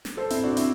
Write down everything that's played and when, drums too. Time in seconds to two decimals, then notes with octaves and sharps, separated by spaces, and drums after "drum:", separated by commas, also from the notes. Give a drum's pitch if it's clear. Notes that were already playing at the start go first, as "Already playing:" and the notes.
0.05 drum: snare
0.17 A4 C5
0.30 C4 E4, drum: hi-hat
0.43 D4 F#4
0.57 C4 E4, drum: hi-hat